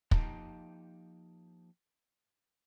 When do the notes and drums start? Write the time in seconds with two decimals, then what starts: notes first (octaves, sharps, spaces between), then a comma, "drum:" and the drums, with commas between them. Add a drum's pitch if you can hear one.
0.11 F3 A#3 D#4 G4 A5 A#5, drum: kick